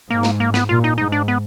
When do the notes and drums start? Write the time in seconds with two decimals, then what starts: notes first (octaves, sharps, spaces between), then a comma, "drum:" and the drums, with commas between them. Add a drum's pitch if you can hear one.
0.10 G#2 A#3
0.23 drum: snare
0.40 A#3
0.54 B3, drum: snare
0.69 A#2 F4
0.84 D#4
0.98 G#2 D#4
1.12 D4
1.28 B3